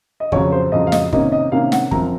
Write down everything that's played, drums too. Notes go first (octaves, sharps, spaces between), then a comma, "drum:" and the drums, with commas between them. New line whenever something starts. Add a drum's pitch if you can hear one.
D#5
F2 C#3 F#3 C#5, drum: kick
C5
F2 C#3 F#3 D#5
F5
D#5, drum: snare
C3 D#3 A#3 C#4 D#5, drum: kick
D#5
C3 D#3 A#3 C#4 F5
F#5, drum: snare
F#2 F3 C4 A#5, drum: kick